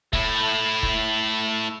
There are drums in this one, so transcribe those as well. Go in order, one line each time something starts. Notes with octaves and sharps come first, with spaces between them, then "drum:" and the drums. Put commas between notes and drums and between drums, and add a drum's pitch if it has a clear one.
A3 E4, drum: kick
drum: kick